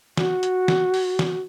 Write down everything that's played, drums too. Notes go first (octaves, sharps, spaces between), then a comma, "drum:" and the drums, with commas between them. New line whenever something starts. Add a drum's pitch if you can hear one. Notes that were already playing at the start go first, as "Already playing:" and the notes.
F#4, drum: snare
drum: hi-hat
drum: snare
drum: open hi-hat
drum: snare